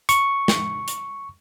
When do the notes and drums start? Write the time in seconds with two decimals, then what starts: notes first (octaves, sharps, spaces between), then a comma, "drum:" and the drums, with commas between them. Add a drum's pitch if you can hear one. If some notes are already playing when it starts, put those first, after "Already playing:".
0.09 C#6, drum: hi-hat
0.48 drum: snare
0.88 drum: hi-hat